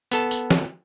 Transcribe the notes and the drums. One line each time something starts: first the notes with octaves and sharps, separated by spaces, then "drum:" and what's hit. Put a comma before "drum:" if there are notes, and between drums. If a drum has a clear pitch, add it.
B3 A4 A5, drum: tambourine
drum: tambourine
drum: snare